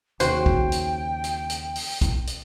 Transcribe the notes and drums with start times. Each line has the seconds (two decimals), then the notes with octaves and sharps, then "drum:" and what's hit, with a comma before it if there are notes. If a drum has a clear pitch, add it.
0.20 D#2 C#3 F#4 C5 G5, drum: hi-hat
0.46 drum: kick B1
0.72 drum: hi-hat
1.24 drum: hi-hat
1.50 drum: hi-hat
1.76 drum: open hi-hat
2.01 drum: kick B1, hi-hat
2.27 drum: hi-hat